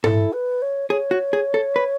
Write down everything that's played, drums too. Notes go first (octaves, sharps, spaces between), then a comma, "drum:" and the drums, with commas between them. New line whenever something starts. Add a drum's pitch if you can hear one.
E4 A4, drum: tom G#2
B4
C#5
G#4 C#5
F#4
G#4
A4
B4